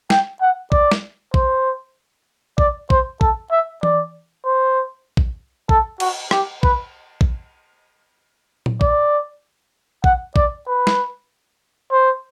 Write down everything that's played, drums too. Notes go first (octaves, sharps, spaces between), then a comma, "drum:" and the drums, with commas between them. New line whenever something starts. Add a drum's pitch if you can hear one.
G5, drum: snare
F#5
D5, drum: kick
drum: snare
C5, drum: kick
D5, drum: kick
C5, drum: kick
A4, drum: kick
E5
D5, drum: tom E3
C5
drum: kick
A4, drum: kick
F#4, drum: cymbal
G4, drum: rim click
B4, drum: kick
drum: kick
drum: tom A#2
D5, drum: kick
F#5, drum: kick
D5, drum: kick
B4
drum: snare
C5